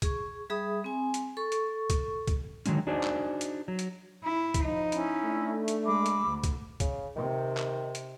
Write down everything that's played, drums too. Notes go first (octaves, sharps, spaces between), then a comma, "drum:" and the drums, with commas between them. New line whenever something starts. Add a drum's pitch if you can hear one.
G#4 C#6, drum: kick, hi-hat
G3 G#4 E5 B5 D#6
C4 G#5
drum: hi-hat
A4 C#6
drum: hi-hat
drum: kick, hi-hat
drum: kick, hi-hat
D3 D#3 F#3 G#3 C#4, drum: hi-hat
D4 D#4 F#4 G#4 C5 D5
drum: clap
drum: hi-hat
F#3
drum: hi-hat
E4
drum: kick, hi-hat
F3 D#4 D#5 B5
C#4 E4 B5, drum: hi-hat
A3 D4
drum: hi-hat
G#3 B5 D6 E6
drum: hi-hat
D2
drum: kick, hi-hat
C#3, drum: kick, hi-hat
C3 D#3
drum: clap
drum: hi-hat